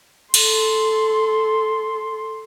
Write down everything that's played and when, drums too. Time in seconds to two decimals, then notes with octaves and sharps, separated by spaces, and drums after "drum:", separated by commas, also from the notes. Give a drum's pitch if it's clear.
0.34 A4 C6, drum: cymbal